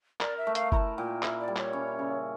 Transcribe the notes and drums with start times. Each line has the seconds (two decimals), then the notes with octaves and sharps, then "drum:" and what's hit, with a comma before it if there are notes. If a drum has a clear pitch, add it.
0.21 A#4 D5, drum: clap
0.37 E5
0.47 A3
0.55 F5, drum: hi-hat
0.72 E4 A5 A#5, drum: kick F#1
0.97 A#2 G5
1.23 E4, drum: clap
1.40 D5
1.48 G3
1.57 C#5, drum: clap
1.73 C#4
1.99 C#3